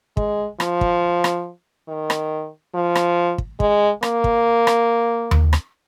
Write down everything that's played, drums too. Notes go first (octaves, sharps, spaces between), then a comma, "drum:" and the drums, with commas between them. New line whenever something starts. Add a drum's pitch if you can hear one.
G#3, drum: kick
F3, drum: rim click
drum: kick
drum: rim click
D#3
drum: rim click
F3
drum: rim click
drum: kick
G#3, drum: kick
A#3, drum: rim click
drum: kick
drum: rim click
drum: tom D#2
drum: rim click